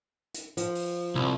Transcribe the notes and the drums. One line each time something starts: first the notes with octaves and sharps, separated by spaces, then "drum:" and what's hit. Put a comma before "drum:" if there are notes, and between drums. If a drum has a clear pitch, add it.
drum: hi-hat
F3, drum: hi-hat
drum: open hi-hat
C2